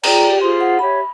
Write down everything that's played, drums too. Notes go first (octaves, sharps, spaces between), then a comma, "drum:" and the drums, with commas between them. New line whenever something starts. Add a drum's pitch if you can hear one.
F4 G#4 D5 G5 A#5, drum: cymbal
G4
F4 G#4 C5 C6
F#5
G4 C#5 E5 B5